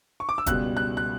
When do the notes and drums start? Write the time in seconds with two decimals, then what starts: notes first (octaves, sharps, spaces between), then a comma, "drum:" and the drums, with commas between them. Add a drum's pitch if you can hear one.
0.20 C#6
0.29 D6
0.38 E6
0.46 C#2 B2 G3 F#6, drum: kick, hi-hat
0.77 F#6
0.97 F#6